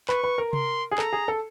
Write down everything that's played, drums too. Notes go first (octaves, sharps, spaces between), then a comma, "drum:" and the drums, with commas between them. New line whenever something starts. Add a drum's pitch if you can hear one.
B4 C#6, drum: clap
B4
A#4
C6, drum: tom C3
G#4
A4 A#5, drum: clap
G#4
A4